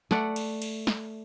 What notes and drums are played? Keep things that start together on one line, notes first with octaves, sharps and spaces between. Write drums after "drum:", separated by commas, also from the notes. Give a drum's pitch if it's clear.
A3 D5 F#5, drum: snare
drum: cymbal
drum: cymbal
drum: snare